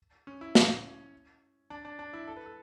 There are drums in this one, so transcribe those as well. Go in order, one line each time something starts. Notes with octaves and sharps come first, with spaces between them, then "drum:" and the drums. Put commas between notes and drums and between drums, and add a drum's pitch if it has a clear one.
C#4
E4
C#4, drum: snare
D4
D4
D4
E4
A4
B4
A4